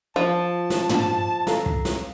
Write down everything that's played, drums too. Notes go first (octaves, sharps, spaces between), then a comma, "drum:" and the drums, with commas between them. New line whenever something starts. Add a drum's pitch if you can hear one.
F3 A5
drum: snare
drum: tom
A4 F5 A#5, drum: snare
drum: kick
drum: snare